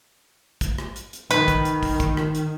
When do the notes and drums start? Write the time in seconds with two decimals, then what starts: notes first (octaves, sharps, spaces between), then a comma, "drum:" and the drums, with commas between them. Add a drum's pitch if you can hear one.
0.61 drum: kick, hi-hat
0.78 drum: rim click
0.96 drum: hi-hat
1.13 drum: hi-hat
1.31 D#3 B4, drum: hi-hat
1.48 drum: kick, hi-hat
1.65 drum: hi-hat
1.83 drum: kick, open hi-hat
2.00 drum: kick, hi-hat
2.17 drum: rim click
2.35 drum: hi-hat